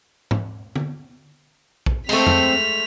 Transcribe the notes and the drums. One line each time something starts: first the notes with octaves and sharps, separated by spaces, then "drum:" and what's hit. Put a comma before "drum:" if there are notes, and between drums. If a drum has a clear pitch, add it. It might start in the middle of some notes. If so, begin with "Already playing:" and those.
drum: tom G#2
drum: tom
drum: kick A#1
G#3 A3 C4 B6 F7, drum: cymbal
drum: tom F2